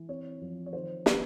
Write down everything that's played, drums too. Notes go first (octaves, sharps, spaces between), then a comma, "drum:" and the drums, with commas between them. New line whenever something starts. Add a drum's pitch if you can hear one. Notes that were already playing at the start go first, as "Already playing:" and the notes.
Already playing: E3
C4 C#5
F3
C#5
D#3 C5
D#3 B4, drum: snare